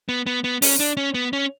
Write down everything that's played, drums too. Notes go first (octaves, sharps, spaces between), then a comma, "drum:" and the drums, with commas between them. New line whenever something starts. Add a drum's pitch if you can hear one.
B3
B3
B3
C#4, drum: open hi-hat
D4
C#4
B3
C#4